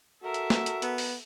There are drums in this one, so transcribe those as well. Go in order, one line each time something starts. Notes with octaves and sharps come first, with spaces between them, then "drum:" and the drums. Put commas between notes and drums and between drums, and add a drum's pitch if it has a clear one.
F#4 A4 A#4 E5
drum: hi-hat
drum: snare
drum: hi-hat
B3, drum: hi-hat
drum: open hi-hat